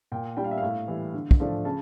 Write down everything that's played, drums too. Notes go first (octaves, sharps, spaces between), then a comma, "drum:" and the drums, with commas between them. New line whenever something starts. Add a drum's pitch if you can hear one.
A#2 G5
G3 D4 G5
F5
E5
A2 F5
E3 G3
D3
drum: kick
F3 A3 D4
C#3 A5